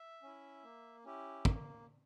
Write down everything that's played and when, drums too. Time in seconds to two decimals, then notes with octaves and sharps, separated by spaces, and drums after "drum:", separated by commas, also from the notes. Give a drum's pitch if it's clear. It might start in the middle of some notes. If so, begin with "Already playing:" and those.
Already playing: E5
0.23 C#4 E4
0.63 A#3
1.05 C#4 E4 G4
1.45 A#3, drum: kick